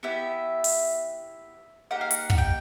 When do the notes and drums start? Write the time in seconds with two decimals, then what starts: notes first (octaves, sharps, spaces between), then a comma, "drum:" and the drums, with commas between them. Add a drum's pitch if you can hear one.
0.03 B3 E4 G4 E5
0.64 drum: open hi-hat
1.91 A#3 D#4 G4 F#5
2.01 F5
2.11 F#5, drum: hi-hat
2.30 F#5, drum: kick
2.38 G5